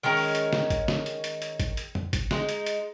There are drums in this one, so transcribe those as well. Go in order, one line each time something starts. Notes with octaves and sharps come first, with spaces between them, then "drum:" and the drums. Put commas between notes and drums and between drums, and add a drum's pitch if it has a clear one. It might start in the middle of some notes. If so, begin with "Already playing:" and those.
D#3 G#3 C#4 A#4
drum: open hi-hat
drum: hi-hat
drum: snare
drum: kick G#1, hi-hat
drum: snare
drum: hi-hat
drum: hi-hat
drum: hi-hat
drum: kick G#1, hi-hat
drum: hi-hat
drum: tom F2
drum: kick G#1, hi-hat
G#3 D#4, drum: snare
drum: hi-hat
drum: hi-hat